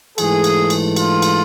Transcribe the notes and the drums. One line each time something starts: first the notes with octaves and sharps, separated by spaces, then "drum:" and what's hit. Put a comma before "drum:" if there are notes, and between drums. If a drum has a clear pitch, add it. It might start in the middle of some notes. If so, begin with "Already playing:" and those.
G#2 E3 A3 G#4, drum: cymbal
drum: cymbal
drum: cymbal
F4, drum: cymbal
drum: cymbal